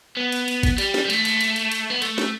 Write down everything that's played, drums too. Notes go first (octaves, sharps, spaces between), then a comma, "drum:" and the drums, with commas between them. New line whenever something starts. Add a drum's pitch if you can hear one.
B3
drum: cymbal
drum: cymbal
drum: kick G#1, cymbal
G3, drum: cymbal
drum: snare
G3
A3, drum: cymbal
drum: cymbal
drum: cymbal
drum: cymbal
drum: cymbal
B3
A3, drum: cymbal
drum: snare